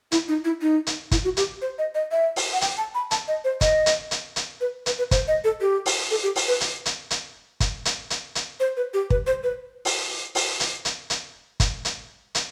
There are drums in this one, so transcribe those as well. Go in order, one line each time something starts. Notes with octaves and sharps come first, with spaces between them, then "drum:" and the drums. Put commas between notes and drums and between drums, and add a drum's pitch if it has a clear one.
E4, drum: hi-hat
D#4
E4
D#4
drum: hi-hat
E4, drum: kick, hi-hat
F#4
G4, drum: hi-hat
C5
D#5
D#5
E5
drum: open hi-hat
F#5
G5, drum: hi-hat
A5
B5
A5, drum: hi-hat
D#5
C5
D#5, drum: kick, hi-hat
drum: hi-hat
drum: hi-hat
drum: hi-hat
B4
B4, drum: hi-hat
B4
C5, drum: kick, hi-hat
D#5
A4
G4
drum: open hi-hat
A4
G4
drum: open hi-hat
B4
drum: hi-hat
drum: hi-hat
drum: hi-hat
drum: kick, hi-hat
drum: hi-hat
drum: hi-hat
drum: hi-hat
C5
B4
G4
B4, drum: kick
C5
B4
drum: open hi-hat
drum: open hi-hat
drum: hi-hat
drum: hi-hat
drum: hi-hat
drum: kick, hi-hat
drum: hi-hat
drum: hi-hat